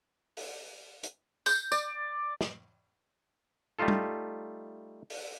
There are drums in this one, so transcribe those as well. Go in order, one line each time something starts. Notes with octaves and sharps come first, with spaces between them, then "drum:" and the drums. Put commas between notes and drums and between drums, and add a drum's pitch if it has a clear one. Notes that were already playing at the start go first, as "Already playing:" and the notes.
drum: open hi-hat
drum: hi-hat
G6, drum: tambourine
D5, drum: tambourine
drum: snare
G3 A3 D#4 F4 A4
drum: tom G3
drum: open hi-hat